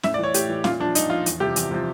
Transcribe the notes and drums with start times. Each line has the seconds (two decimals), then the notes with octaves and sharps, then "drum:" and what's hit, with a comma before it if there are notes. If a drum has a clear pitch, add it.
0.03 A2 E5, drum: snare C#4
0.14 D5
0.19 E3 C#5
0.34 A2 G4, drum: hi-hat
0.49 E3
0.64 A#2 F4, drum: snare C#4
0.80 F3 D4
0.95 A#2 D#4, drum: hi-hat
1.10 F3 F4
1.26 E2, drum: hi-hat
1.40 C3 F3 G4
1.56 E2, drum: hi-hat
1.71 C3 F3